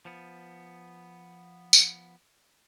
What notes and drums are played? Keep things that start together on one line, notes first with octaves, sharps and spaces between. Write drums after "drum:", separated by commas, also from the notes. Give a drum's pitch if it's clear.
F3 B3
drum: tambourine